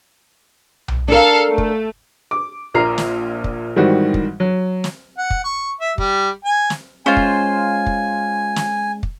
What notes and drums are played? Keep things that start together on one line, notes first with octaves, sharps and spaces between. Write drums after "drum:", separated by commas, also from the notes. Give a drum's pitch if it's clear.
drum: tom B1
D4 A4 A#4 F5
A3
drum: kick
D6
A#1 A#2 A#5 F6 C7
drum: snare
drum: kick
G#2 D#3 E3 G3 C4 F#4
drum: kick
F#3
drum: snare
F#5
drum: kick
C#6
E5
G3, drum: kick
G#5
drum: snare
G#3 C#4 F4 C5 G#5
drum: kick
drum: kick
drum: snare
drum: kick